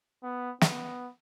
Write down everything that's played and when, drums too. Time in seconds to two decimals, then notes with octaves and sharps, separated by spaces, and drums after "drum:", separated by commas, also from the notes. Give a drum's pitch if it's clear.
0.23 B3
0.61 B3, drum: snare